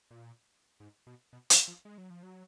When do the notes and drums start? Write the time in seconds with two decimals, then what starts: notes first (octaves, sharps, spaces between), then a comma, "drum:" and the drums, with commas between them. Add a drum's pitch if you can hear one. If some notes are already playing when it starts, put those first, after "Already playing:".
0.11 A#2
0.80 G#2
1.07 B2
1.33 B2
1.50 D#3, drum: hi-hat
1.68 F3
1.85 G#3
1.98 F#3
2.10 F3
2.23 F#3